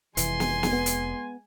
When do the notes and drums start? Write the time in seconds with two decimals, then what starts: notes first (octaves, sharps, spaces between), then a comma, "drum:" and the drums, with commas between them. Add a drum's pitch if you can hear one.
0.17 F1 C3 E3 G#3 G#5 C6, drum: hi-hat
0.40 drum: snare
0.63 drum: snare
0.73 B3
0.86 drum: hi-hat